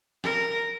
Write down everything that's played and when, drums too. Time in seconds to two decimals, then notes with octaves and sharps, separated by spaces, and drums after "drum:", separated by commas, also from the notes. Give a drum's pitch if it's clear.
0.24 A#4, drum: snare